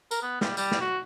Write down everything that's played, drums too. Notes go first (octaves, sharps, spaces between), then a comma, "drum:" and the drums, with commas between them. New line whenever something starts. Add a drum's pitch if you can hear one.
A#4, drum: tambourine
B3
G3, drum: snare
G3, drum: tambourine
drum: snare
F#4